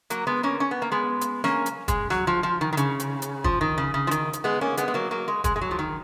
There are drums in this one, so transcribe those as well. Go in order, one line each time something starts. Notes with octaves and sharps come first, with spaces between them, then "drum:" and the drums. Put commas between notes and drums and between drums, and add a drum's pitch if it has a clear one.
F#3 A#3, drum: hi-hat
G#3 B3
A#3 C#4
C#4
B3
A#3
G#3 B3
drum: hi-hat
A#3 C#4, drum: snare
drum: hi-hat
G#3, drum: kick, hi-hat
F#3, drum: snare
F3
F3
D#3
D#3
C#3, drum: hi-hat
drum: hi-hat
drum: hi-hat
F3, drum: kick
D#3
C#3
C#3
F3
D#3, drum: hi-hat
drum: hi-hat
G#3 B3
A#3 C#4
G#3 B3, drum: hi-hat
G#3
F#3 A#3
F#3 A#3
G#3
G#3, drum: kick, hi-hat
G#3
F#3
F3
D#3